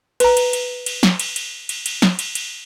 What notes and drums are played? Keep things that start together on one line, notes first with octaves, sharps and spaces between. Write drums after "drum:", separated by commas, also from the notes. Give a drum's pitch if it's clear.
B4 A#5, drum: cymbal
drum: cymbal
drum: cymbal
drum: cymbal
drum: snare
drum: cymbal
drum: cymbal
drum: cymbal
drum: cymbal
drum: snare
drum: cymbal
drum: cymbal